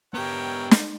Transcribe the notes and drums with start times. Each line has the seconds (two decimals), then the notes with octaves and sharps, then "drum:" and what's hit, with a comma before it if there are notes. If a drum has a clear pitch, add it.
0.14 B3 G4 A#4 C#5 G5
0.71 drum: snare